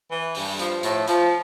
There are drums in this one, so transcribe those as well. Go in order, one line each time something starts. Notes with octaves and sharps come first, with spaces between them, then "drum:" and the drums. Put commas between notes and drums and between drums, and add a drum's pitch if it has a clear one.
E3
G2, drum: open hi-hat
F3, drum: hi-hat
A2, drum: hi-hat
F3, drum: hi-hat